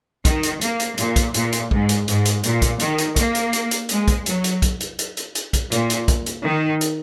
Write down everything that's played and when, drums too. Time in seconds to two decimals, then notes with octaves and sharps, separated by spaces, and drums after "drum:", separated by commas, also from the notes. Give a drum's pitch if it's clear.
0.25 D#3, drum: kick, hi-hat
0.43 drum: hi-hat
0.61 A#3, drum: hi-hat
0.80 drum: hi-hat
0.98 A#2, drum: hi-hat
1.16 drum: kick, hi-hat
1.34 A#2, drum: hi-hat
1.52 drum: hi-hat
1.71 G#2, drum: kick
1.89 drum: hi-hat
2.08 G#2, drum: hi-hat
2.25 drum: hi-hat
2.43 A#2, drum: hi-hat
2.62 drum: kick, hi-hat
2.80 D#3, drum: hi-hat
2.98 drum: hi-hat
3.16 A#3, drum: kick, hi-hat
3.35 drum: hi-hat
3.53 drum: hi-hat
3.71 drum: hi-hat
3.89 G#3, drum: hi-hat
4.08 drum: kick, hi-hat
4.26 F#3, drum: hi-hat
4.44 drum: hi-hat
4.62 drum: kick, hi-hat
4.80 drum: hi-hat
4.99 drum: hi-hat
5.17 drum: hi-hat
5.35 drum: hi-hat
5.53 drum: kick, hi-hat
5.72 A#2, drum: hi-hat
5.90 drum: hi-hat
6.08 drum: kick, hi-hat
6.26 drum: hi-hat
6.44 D#3
6.81 drum: hi-hat